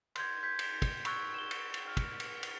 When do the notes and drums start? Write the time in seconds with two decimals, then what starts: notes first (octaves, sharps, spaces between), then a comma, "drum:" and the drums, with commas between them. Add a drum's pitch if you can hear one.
0.16 C6 G6 G#6, drum: cymbal
0.43 G6 G#6 B6
0.59 drum: cymbal
0.82 drum: kick, cymbal
1.05 B5 C#6 E6 F#6 G#6, drum: cymbal
1.34 E7 G7
1.51 drum: cymbal
1.74 drum: cymbal
1.88 F6
1.97 drum: kick, cymbal
2.20 drum: cymbal
2.43 drum: cymbal